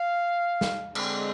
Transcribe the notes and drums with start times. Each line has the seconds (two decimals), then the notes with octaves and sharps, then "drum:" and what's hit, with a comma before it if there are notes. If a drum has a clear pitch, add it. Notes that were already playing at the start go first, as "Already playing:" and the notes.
Already playing: F5
0.61 drum: snare
0.95 D3 G#3 C4, drum: cymbal